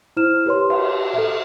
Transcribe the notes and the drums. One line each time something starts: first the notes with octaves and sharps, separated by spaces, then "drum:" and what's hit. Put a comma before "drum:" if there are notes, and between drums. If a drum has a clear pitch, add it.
E4 C5 F6 E7
G4 B4 C#5 C6
drum: cymbal
A4 E5